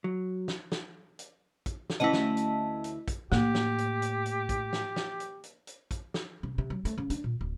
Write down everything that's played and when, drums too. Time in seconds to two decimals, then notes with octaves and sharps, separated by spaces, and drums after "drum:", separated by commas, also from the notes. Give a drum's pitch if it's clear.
0.04 F#3
0.48 drum: snare
0.72 drum: snare
1.19 drum: hi-hat
1.66 drum: kick, hi-hat
1.90 drum: snare
2.00 D2 E3 C#4 E4 F#4 D#5 A5
2.13 drum: snare
2.37 drum: hi-hat
2.84 drum: hi-hat
3.08 drum: kick, hi-hat
3.32 A2 A#3 G4, drum: snare
3.55 drum: snare
3.78 drum: hi-hat
4.02 drum: hi-hat
4.26 drum: hi-hat
4.49 drum: kick, hi-hat
4.73 drum: snare
4.96 drum: snare
5.20 drum: hi-hat
5.44 drum: hi-hat
5.67 drum: hi-hat
5.91 drum: kick, hi-hat
6.14 drum: snare
6.43 C3
6.58 C3
6.70 F#3
6.85 A3, drum: hi-hat
6.98 C#3
7.10 D4, drum: hi-hat
7.24 A#2
7.41 D1